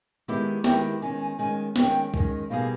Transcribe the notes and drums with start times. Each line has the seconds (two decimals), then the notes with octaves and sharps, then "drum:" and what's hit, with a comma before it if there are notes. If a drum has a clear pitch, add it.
0.28 D#3 G#3 B3 E4 G4
0.64 D#3 G#3 B3 E4 G4 G5, drum: snare
1.02 D#3 G#3 C#4 G#5
1.20 G#5
1.39 D#3 G#3 C#4 G#5
1.76 D#3 G#3 C#4 G5, drum: snare
2.14 D#3 G#3 C#4, drum: kick
2.50 B2 G3 A#3 D#4 G#4 F5